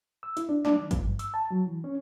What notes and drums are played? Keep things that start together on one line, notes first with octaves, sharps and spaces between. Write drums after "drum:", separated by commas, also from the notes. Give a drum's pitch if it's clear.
E6
E4, drum: hi-hat
D4
D4, drum: snare
D#3
F3, drum: kick, hi-hat
G2
E6, drum: hi-hat
A5
F#3
E3
C#4